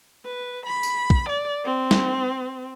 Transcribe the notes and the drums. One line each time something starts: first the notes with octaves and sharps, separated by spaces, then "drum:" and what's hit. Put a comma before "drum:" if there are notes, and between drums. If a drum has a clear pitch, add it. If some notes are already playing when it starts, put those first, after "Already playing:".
B4
B5
drum: tambourine
drum: kick
D5
C4
drum: snare